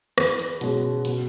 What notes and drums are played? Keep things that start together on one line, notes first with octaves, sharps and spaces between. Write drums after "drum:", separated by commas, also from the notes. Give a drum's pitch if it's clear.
E2 B4, drum: rim click
drum: hi-hat
B2 G#3 C#4, drum: hi-hat
B2, drum: hi-hat